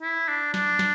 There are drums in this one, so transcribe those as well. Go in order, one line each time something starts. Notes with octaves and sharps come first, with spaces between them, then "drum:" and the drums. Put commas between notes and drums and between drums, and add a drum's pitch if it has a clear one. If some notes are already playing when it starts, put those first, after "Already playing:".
E4
D4
D4, drum: snare
drum: snare